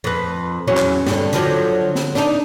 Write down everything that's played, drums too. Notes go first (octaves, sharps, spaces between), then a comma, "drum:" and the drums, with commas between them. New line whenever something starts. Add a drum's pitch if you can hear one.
F2 B4
E2 F#3 C#4
drum: clap
G2 D3, drum: snare
D3 F3 F#3, drum: hi-hat
drum: snare
D4 D#4, drum: snare